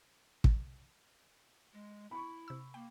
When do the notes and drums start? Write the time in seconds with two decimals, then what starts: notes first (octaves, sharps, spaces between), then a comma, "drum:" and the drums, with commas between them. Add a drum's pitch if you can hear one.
0.44 drum: kick
1.73 G#3
2.11 E4 B5 C#6
2.48 C3 E6
2.74 A#3 G5